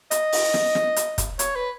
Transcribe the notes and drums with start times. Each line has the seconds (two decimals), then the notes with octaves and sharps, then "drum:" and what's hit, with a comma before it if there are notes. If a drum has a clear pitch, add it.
0.11 D#5, drum: hi-hat
0.32 drum: open hi-hat
0.54 drum: snare
0.75 drum: snare
0.96 drum: hi-hat
1.18 drum: kick, hi-hat
1.39 C#5, drum: hi-hat
1.56 B4